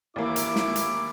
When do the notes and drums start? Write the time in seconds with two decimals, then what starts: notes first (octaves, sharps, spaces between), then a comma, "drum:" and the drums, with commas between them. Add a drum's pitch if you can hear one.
0.16 D#2 E3 A#3 E4 D6
0.36 drum: hi-hat
0.56 drum: snare
0.76 drum: hi-hat